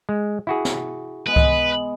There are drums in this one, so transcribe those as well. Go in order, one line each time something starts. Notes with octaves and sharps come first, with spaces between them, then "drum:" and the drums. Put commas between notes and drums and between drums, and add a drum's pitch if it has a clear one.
G#3
E4 F#4 G#4
drum: snare
G#3 B3 B4
drum: kick C2